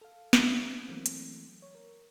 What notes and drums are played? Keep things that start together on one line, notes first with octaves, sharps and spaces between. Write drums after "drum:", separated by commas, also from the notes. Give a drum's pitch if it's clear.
A4 F5
drum: snare
B3 D4 F#4 G4 E5 F5
E3 F#3 A3 A#3 C4
drum: hi-hat
C#5
A#4